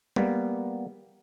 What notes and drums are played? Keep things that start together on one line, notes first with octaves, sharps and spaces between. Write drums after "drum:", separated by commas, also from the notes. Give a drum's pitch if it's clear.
G3 A#3 B3, drum: tom G3